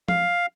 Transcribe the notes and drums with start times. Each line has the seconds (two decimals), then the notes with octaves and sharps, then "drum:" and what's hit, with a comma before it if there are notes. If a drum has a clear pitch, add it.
0.08 F5, drum: tom